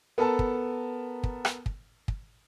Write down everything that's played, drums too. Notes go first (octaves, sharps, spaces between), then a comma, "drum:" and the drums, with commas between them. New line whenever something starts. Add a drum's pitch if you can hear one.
B3 A4 A#4 A5
drum: kick
drum: kick
drum: rim click
drum: kick
drum: kick